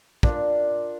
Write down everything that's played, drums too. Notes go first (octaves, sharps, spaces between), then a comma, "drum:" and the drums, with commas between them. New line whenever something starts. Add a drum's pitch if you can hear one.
D4 F4 A#4, drum: kick